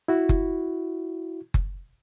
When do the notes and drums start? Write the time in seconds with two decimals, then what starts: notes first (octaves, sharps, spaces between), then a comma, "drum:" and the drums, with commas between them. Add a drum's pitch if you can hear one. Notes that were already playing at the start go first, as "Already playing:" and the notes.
0.08 E4 F#4
0.29 drum: kick F#1
1.54 drum: kick F#1